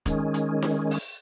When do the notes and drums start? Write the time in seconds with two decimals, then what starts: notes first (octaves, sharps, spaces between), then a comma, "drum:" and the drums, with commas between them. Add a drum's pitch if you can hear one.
0.06 D#3 G#3 C#4, drum: kick, hi-hat
0.34 drum: hi-hat
0.62 drum: snare D#4
0.91 drum: open hi-hat